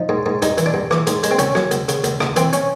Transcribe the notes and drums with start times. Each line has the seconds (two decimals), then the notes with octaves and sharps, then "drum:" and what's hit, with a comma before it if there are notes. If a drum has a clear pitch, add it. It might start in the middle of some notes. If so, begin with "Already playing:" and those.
Already playing: F3 D#4
0.09 G#2
0.26 G#2
0.42 G2 D#4, drum: hi-hat
0.58 E3, drum: hi-hat
0.66 D4
0.74 G2
0.91 E3, drum: rim click
1.07 G#2, drum: hi-hat
1.23 G#3, drum: hi-hat
1.31 C4
1.39 C#2 C#4, drum: hi-hat
1.55 F#3, drum: rim click
1.71 C#2, drum: hi-hat
1.88 C#3, drum: hi-hat
2.04 C#2, drum: hi-hat
2.20 C#2, drum: rim click
2.36 E3 C4, drum: hi-hat
2.53 C#4, drum: hi-hat